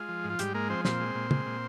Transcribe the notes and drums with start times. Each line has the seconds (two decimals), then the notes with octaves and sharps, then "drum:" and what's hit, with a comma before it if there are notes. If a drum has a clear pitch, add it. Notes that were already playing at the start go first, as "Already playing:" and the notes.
Already playing: G#3 F4
0.09 F3
0.24 G#2
0.30 F4
0.39 G#2 G3 G4, drum: hi-hat
0.54 G#3 A#3 A#4
0.70 F3 C4 C5
0.85 A#2 C4 C5, drum: snare
1.00 G#3
1.15 A#2
1.31 G#3, drum: tom C#3
1.46 A#2